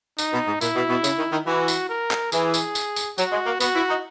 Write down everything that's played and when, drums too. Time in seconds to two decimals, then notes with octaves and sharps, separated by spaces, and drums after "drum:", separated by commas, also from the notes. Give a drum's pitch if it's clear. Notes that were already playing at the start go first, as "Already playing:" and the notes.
0.18 D#4, drum: tambourine
0.33 B2
0.47 G#2
0.61 A#2 E4, drum: tambourine
0.76 B2
0.90 B2
1.04 C#3, drum: tambourine
1.18 D#3
1.33 D#3
1.46 E3 F#4
1.68 drum: tambourine
1.89 A#4
2.11 drum: clap
2.32 E3 G#4, drum: tambourine
2.54 drum: tambourine
2.75 drum: tambourine
2.96 drum: tambourine
3.18 F#3 F#4, drum: tambourine
3.32 G#3
3.47 A#3
3.60 B3 F#4, drum: tambourine
3.75 E4
3.89 D#4